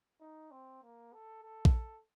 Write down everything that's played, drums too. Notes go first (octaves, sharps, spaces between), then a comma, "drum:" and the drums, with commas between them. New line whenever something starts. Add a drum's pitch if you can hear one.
D#4
C4
A#3
A4
A4
drum: kick A#1